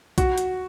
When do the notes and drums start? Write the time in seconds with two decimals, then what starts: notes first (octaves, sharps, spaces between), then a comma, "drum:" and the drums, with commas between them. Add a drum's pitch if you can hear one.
0.18 F#4, drum: kick, hi-hat
0.38 drum: hi-hat